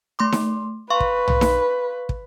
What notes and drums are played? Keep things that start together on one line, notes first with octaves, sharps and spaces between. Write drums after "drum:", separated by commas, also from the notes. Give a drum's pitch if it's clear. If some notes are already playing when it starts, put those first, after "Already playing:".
A3 C6 D6
drum: snare D#4
B4 F5 C6 C#6
drum: kick
drum: tom
drum: snare D#4
drum: kick